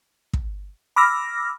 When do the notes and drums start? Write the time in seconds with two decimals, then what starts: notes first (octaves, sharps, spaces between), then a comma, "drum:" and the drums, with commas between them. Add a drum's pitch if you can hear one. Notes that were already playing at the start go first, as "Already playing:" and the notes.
0.33 drum: kick
0.96 B5 D6 E6 F6 A#6